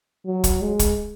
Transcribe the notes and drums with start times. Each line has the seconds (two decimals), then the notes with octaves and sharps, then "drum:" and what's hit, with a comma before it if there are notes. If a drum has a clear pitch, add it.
0.26 F#3
0.44 drum: kick, hi-hat
0.62 G#3
0.79 drum: kick, hi-hat